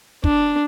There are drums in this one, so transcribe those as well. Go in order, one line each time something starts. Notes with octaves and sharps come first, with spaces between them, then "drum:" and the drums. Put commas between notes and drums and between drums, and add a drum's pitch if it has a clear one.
D4, drum: kick